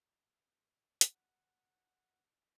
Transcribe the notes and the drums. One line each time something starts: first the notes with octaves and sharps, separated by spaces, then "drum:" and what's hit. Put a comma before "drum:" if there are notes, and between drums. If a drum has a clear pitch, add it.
F#5, drum: hi-hat